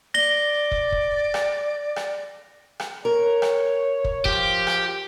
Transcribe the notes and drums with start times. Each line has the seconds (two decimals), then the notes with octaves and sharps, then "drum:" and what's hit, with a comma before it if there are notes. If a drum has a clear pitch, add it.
0.14 D5 A#6 G7
0.71 drum: kick
0.92 drum: kick
1.34 drum: rim click
1.96 drum: rim click
2.80 drum: rim click
3.05 A#4 C#5
3.42 drum: rim click
4.04 drum: kick
4.25 F3 G4, drum: kick
4.67 drum: rim click